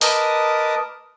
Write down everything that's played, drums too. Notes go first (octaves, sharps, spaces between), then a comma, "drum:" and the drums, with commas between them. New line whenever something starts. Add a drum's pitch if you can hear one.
A#4 B4 D#5 A5 D6 D#6, drum: open hi-hat